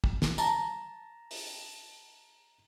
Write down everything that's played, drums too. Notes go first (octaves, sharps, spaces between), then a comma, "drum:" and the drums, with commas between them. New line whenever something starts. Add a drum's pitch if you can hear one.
drum: kick
drum: snare
A5 A#5, drum: tambourine
drum: open hi-hat